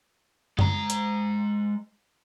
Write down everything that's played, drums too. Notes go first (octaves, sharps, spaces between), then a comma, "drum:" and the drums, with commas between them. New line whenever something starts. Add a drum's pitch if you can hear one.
G#3 A#5, drum: tom F#2
drum: hi-hat